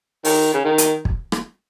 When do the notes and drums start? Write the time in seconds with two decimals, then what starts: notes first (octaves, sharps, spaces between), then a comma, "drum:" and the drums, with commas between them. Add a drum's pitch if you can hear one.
0.25 D#3, drum: open hi-hat
0.54 C#3
0.65 D#3
0.78 drum: hi-hat
1.05 drum: kick
1.32 drum: rim click